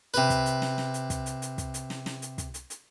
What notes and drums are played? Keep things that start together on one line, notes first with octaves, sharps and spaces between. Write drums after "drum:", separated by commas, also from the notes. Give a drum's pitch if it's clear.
C3 B4, drum: hi-hat
drum: kick, hi-hat
drum: hi-hat
drum: snare
drum: snare
drum: hi-hat
drum: kick, hi-hat
drum: hi-hat
drum: hi-hat
drum: kick, hi-hat
drum: hi-hat
drum: snare
drum: snare
drum: hi-hat
drum: kick, hi-hat
drum: hi-hat
drum: hi-hat